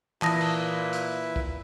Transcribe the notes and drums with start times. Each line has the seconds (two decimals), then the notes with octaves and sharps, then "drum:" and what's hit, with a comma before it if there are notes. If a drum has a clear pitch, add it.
0.22 A#2 E3 E4 B4 E5 A5 D#6 A#6, drum: clap
0.41 drum: cymbal
0.93 drum: hi-hat
1.36 drum: kick